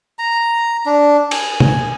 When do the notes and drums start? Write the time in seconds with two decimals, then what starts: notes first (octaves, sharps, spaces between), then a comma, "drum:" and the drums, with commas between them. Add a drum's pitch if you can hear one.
0.19 A#5
0.86 D4
1.31 G#5, drum: cymbal
1.60 drum: tom